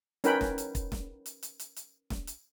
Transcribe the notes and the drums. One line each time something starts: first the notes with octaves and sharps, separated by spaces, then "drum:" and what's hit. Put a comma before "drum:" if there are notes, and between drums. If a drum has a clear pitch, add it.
C#4 D#4 A#4 B4 G5 B5, drum: hi-hat
drum: snare
drum: hi-hat
drum: kick, hi-hat
drum: snare
drum: hi-hat
drum: hi-hat
drum: hi-hat
drum: hi-hat
drum: snare
drum: hi-hat